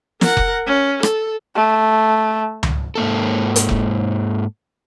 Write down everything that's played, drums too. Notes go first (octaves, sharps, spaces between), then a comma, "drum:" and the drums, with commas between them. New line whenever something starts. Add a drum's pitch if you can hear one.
A#4 F#5, drum: snare
drum: kick F1
C#4
A4, drum: rim click
A3
drum: tom C#2
G#2 A#3 A4
drum: hi-hat
drum: kick F1